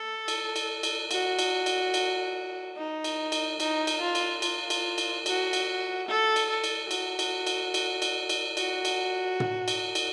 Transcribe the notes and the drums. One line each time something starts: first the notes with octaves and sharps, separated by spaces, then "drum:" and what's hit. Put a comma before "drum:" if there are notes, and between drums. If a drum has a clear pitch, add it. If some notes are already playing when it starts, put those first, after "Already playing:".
Already playing: A4
drum: cymbal
drum: cymbal
drum: cymbal
F#4, drum: cymbal
drum: cymbal
drum: cymbal
drum: cymbal
D#4
drum: cymbal
drum: cymbal
D#4, drum: cymbal
drum: cymbal
F4
drum: cymbal
F4, drum: cymbal
drum: cymbal
drum: cymbal
F#4, drum: cymbal
drum: cymbal
A4
drum: cymbal
A4
drum: cymbal
F#4, drum: cymbal
drum: cymbal
drum: cymbal
drum: cymbal
drum: cymbal
drum: cymbal
F#4, drum: cymbal
drum: cymbal
drum: tom
drum: cymbal
drum: cymbal